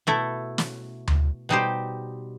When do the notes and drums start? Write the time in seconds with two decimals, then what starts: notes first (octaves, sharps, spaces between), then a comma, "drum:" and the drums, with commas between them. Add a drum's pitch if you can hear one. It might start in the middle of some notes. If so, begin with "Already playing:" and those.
0.07 B2 A3 E4 A4
0.58 drum: snare
1.08 drum: tom D2
1.49 B2 G3 D#4 G4 C5